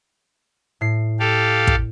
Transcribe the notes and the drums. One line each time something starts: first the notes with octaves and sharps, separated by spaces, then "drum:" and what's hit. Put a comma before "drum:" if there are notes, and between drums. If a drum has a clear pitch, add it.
A2 C7
G4 A4 F5
drum: kick